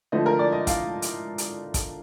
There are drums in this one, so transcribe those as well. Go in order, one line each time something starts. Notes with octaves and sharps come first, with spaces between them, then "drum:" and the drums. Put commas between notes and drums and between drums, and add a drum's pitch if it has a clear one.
D3 F3 A3 D#5
A#4
D5
D#5
F5, drum: kick, hi-hat
drum: hi-hat
drum: hi-hat
drum: kick, hi-hat